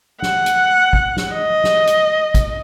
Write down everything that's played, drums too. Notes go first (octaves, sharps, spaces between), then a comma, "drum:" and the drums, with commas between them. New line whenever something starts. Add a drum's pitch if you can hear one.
F#5, drum: snare
drum: hi-hat
drum: kick
drum: snare
D#5
drum: snare
drum: hi-hat
drum: kick, hi-hat